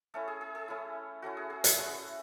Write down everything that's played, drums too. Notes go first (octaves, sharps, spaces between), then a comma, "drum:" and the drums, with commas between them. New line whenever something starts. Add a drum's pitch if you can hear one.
A3 C#4 E4 A4
G#4
G#4
G#4
A3 C#4 E4
A3 C#4 E4 F#4
G#4
G#4
G#4, drum: hi-hat
A3 C#4 E4 F#5